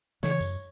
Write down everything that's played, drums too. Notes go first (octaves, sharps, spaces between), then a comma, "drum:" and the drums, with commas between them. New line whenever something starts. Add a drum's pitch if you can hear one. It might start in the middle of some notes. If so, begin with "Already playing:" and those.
C#3 E3 C#5, drum: snare
F#2, drum: tambourine